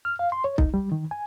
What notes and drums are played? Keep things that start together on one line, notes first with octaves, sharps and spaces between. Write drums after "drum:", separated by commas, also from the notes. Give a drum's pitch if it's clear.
F6
F5
C6
C#5
D#4, drum: kick B1
G3
D#3
G#5